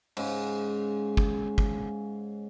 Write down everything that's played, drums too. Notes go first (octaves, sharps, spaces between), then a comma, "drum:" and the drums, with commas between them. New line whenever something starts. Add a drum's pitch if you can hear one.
G#2 C#3, drum: cymbal
drum: kick G1
drum: kick G1